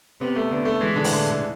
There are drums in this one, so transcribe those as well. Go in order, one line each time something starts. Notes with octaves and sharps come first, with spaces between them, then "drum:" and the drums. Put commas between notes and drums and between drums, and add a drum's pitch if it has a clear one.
C3 B3
A3
D3 B3
A3
E3 G#3
D3
E3, drum: open hi-hat
A2 D3
D3